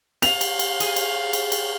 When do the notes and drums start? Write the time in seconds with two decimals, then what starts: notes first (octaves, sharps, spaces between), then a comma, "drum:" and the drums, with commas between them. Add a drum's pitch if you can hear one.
0.22 F5 F7, drum: cymbal
0.41 drum: cymbal
0.59 drum: cymbal
0.80 G#4, drum: cymbal
0.96 drum: cymbal
1.33 drum: cymbal
1.52 drum: cymbal